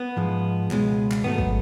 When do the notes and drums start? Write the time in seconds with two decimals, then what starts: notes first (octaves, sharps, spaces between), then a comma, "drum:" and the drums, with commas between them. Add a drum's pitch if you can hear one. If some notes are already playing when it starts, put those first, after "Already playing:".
Already playing: B3
0.17 G#2 F3 G#3
0.71 C#2 B2 G#3, drum: clap
1.11 drum: clap
1.24 G#2 D#3 F#3 A3 B3
1.38 drum: kick